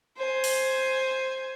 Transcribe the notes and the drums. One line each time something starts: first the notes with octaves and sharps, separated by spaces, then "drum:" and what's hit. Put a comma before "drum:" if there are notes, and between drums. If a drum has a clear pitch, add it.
C5 G#5
drum: open hi-hat